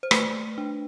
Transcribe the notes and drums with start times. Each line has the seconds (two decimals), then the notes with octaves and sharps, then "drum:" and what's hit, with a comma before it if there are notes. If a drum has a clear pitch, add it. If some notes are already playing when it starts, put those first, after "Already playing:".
0.03 C5
0.11 A3 B4, drum: rim click
0.58 D4